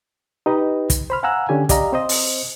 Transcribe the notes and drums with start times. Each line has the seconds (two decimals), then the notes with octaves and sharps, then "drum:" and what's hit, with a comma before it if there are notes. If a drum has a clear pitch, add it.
0.46 D#4 G4 B4 D#5
0.90 drum: kick, hi-hat
1.10 C5 B5 F6
1.23 F5 F#5 G#5 A#5 E6 F#6
1.49 D3 C#4 G4 G#5
1.69 G4 D5 D#5 F5 A#5, drum: kick, hi-hat
1.93 C4 C5 D#5
2.09 drum: open hi-hat